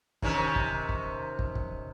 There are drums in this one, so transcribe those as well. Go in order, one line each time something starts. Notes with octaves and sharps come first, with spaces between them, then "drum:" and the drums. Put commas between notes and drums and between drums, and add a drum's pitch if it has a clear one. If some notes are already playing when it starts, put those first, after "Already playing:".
C3 D#3 C#4, drum: kick
drum: kick
drum: kick
drum: kick
drum: kick